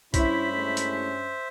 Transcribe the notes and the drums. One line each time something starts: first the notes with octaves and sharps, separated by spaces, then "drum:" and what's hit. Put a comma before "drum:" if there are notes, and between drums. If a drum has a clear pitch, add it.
G2 C#4 E4 C5 E5 B5, drum: kick B1, hi-hat
G#3 A3 E4
drum: hi-hat